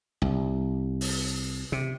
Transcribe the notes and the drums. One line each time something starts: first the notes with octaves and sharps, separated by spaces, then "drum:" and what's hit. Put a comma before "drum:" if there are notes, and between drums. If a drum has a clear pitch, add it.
C2
drum: open hi-hat
C3